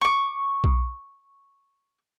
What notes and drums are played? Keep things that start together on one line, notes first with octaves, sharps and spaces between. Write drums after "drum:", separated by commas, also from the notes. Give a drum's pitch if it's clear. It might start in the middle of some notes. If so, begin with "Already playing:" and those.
C#6 D6
drum: kick B1